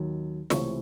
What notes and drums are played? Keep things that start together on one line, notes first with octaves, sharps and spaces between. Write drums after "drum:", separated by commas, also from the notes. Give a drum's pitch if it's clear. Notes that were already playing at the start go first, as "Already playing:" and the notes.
Already playing: D#2 D#3 F#3
C#2 C3 E3 A3 C4 C#5 C#6, drum: snare